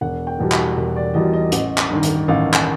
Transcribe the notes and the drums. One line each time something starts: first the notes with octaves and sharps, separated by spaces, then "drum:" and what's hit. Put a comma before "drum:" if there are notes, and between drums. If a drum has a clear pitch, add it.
E1 F#5
G5
E2 B2 G3
F#5, drum: clap
E1
D5
E2 B2 G3 D#5
D#5
A1, drum: hi-hat
drum: clap
G2 D#3
drum: hi-hat
A1 F5
drum: clap